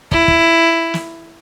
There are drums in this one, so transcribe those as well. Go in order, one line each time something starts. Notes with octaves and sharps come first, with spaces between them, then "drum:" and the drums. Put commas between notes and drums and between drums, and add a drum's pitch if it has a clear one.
E4, drum: kick
drum: kick
drum: snare